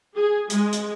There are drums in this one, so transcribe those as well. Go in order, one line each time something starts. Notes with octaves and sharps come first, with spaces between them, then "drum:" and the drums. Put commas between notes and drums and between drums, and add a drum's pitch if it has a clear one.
G#4
G#3, drum: hi-hat
drum: hi-hat